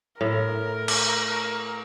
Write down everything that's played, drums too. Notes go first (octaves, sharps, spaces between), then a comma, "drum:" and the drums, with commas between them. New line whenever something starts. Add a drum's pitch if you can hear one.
A2 A#4
drum: cymbal